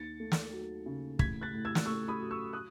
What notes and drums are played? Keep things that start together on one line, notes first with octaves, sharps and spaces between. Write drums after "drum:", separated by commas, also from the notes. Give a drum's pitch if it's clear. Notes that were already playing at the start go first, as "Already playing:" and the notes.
Already playing: D#2 A6 C#7
A3
drum: snare
F#3
C#3
A2 G#6 B6, drum: kick
F#6 A6
A2
E6 G#6
drum: snare
A3 C#6 E6
B5 D#6
F#3
C#6 E6
D#6 F#6